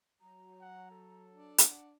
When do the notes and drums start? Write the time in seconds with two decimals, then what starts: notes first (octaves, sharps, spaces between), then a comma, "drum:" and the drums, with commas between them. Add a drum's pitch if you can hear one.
0.21 F#3 A#5
0.61 F#5
0.91 A4
1.31 D4
1.58 drum: hi-hat
1.68 F#5